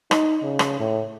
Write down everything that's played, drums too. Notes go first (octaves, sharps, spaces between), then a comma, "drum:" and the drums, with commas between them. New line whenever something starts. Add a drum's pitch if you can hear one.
D#4, drum: rim click
C#3
drum: rim click
A2